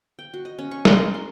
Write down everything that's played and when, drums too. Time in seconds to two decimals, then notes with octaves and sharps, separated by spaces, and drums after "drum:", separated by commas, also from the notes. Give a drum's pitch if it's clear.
0.19 G5
0.34 F#4
0.45 D#5
0.59 C#4
0.71 C#6
0.85 G#3, drum: snare
0.98 A#4
1.14 C6